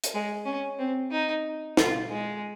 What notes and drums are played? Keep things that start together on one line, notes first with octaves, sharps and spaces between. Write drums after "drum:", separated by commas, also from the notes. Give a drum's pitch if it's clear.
drum: hi-hat
G#3
C#4
C4
D#4
F4, drum: snare
G#3